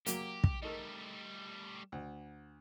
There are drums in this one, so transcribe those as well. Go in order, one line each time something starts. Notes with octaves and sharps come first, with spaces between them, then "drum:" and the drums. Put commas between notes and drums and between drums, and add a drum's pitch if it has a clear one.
F#3 A#3 G4, drum: hi-hat
drum: kick
G3 A3 D#4 A4 A#4
D2